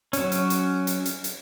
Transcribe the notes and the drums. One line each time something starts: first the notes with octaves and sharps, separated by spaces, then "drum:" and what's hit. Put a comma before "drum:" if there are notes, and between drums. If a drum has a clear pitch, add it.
F#3 C#4, drum: hi-hat
drum: hi-hat
drum: hi-hat
drum: hi-hat
drum: hi-hat
drum: hi-hat